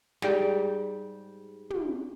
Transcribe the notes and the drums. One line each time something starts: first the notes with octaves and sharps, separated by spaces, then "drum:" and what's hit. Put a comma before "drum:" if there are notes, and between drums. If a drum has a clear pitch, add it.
G#2 G3 G5, drum: snare
drum: tom